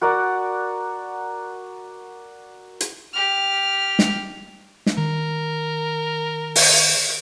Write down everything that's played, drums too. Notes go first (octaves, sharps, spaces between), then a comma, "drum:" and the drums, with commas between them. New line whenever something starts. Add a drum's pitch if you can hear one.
F#4 A#4 D5 F#5
drum: hi-hat
G4 F6
drum: snare
drum: snare
D#3 A#4
drum: open hi-hat